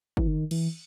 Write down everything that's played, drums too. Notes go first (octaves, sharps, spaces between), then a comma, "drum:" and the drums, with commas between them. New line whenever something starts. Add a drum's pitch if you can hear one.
E3, drum: kick G1
D#3
E3, drum: cymbal